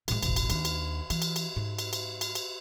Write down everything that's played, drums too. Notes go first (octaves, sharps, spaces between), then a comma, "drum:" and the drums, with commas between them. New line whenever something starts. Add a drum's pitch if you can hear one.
A2 G#3, drum: cymbal
E1 A1, drum: cymbal
drum: cymbal
D#2 D4, drum: cymbal
drum: cymbal
E3, drum: cymbal
drum: cymbal
drum: cymbal
G#2
drum: cymbal
drum: cymbal
drum: cymbal
drum: cymbal